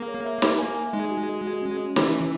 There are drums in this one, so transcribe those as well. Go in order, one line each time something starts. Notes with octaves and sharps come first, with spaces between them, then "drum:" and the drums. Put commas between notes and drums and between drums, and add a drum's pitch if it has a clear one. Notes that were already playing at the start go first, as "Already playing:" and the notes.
Already playing: A#3 G#4
C#5
E5
E5, drum: snare
G#5
G#5
G#3 D#4
F#4
F#4
F#4
C#4
C#4
E3 E4, drum: snare
E4